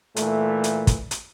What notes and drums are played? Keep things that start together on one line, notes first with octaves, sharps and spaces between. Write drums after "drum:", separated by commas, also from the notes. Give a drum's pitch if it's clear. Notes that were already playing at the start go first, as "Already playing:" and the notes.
A#2 E3 A3, drum: hi-hat
drum: hi-hat
drum: kick, hi-hat
drum: hi-hat